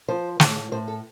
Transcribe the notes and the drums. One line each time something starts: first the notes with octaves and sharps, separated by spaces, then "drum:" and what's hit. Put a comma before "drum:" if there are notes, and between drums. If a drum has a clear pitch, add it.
F3 C5
A2, drum: snare
A2 C5
A4